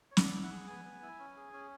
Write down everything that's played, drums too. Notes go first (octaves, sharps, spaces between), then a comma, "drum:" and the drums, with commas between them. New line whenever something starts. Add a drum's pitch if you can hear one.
C#5
B3 D5, drum: snare
E4
F#5
G#4
B3 G#5
B3
E4
C#4
G#4
C#4